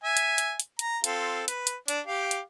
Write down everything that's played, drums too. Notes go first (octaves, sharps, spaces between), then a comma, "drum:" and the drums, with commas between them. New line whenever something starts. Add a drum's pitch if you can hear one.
E5 G#5
drum: hi-hat
drum: hi-hat
drum: hi-hat
A#5, drum: hi-hat
C4 F4 A4, drum: hi-hat
B4, drum: hi-hat
drum: hi-hat
D4, drum: hi-hat
G4 F5 D6
drum: hi-hat